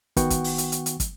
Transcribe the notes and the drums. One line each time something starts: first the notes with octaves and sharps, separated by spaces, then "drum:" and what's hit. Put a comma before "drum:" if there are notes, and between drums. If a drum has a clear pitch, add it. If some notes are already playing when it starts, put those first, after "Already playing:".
D#3 B3 F#4 F#5 G5 C#6, drum: kick, hi-hat
drum: kick, hi-hat
drum: open hi-hat
drum: hi-hat
drum: hi-hat
drum: hi-hat
drum: kick, hi-hat